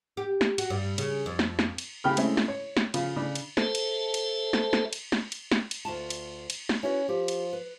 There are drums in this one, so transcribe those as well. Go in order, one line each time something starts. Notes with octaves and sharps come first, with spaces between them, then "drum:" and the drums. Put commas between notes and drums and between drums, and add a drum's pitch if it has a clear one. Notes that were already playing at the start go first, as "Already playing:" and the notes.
G4
drum: snare
F#4, drum: cymbal
G2
C#3, drum: cymbal
F2
drum: snare
drum: snare
drum: cymbal
C#3 G4 G5 B5 F6
G#3 A3 C4 C#4 E4, drum: cymbal
drum: snare
C#5
drum: snare
C#3 F3 F4, drum: cymbal
C#3 D4
drum: cymbal
A4 C5 E5 A5, drum: snare
drum: cymbal
drum: cymbal
drum: snare
drum: snare
drum: cymbal
drum: snare
drum: cymbal
drum: snare
drum: cymbal
D2 F4 A5
drum: cymbal
drum: cymbal
drum: snare
C#4 E4 F#4 B4
F3 G4
drum: cymbal
B4